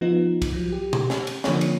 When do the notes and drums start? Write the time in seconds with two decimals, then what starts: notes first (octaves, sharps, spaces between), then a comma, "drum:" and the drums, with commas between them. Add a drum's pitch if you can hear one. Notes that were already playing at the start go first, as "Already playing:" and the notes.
0.01 F3 B3 D#4 F4
0.42 drum: kick, cymbal
0.53 F3 F#3
0.72 G4
0.93 drum: tom
1.10 drum: snare
1.27 drum: cymbal
1.44 D3 F3 A#3 C#5, drum: snare
1.61 drum: cymbal